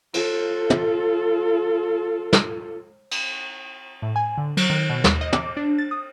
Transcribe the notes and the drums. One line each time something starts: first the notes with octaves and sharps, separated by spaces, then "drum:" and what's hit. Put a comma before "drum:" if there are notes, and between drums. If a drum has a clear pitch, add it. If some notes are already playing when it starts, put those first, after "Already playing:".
F4 A4, drum: cymbal
drum: tom
drum: snare
drum: cymbal
A2
G#5
D3
F#3, drum: cymbal
D#3
B2
D#2, drum: snare
D#5
D6, drum: tom
D4
A6
D#6